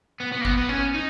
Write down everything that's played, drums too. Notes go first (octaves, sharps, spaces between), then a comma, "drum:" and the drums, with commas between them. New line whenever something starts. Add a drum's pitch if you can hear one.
B3
B3
A#3
B3, drum: kick G#1
B3
C#4
D#4